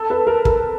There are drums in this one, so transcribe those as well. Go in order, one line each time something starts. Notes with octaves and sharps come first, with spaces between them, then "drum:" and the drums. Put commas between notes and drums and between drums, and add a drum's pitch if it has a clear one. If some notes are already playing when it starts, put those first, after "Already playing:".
Already playing: A4
B4
A#4
A#4, drum: kick